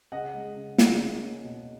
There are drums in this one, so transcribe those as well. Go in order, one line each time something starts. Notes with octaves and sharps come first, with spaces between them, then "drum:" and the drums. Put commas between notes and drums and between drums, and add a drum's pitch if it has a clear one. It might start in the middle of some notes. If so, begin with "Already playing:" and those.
C#3 D#5 F#5
G#3
C#3
C#3, drum: snare
A#3
C#4
B2